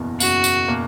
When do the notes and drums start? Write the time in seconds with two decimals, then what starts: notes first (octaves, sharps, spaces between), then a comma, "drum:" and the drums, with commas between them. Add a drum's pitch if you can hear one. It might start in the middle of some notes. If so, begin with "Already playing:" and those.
Already playing: F#1 E2 B2 A#3
0.20 F#1 F#4, drum: tambourine
0.44 drum: tambourine
0.68 B2 A#3